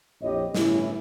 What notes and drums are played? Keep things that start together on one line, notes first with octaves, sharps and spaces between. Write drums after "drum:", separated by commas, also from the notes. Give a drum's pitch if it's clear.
A#1 F2 E4 G4 C#5 D#5
G1 A2 E3 C#4 E4, drum: snare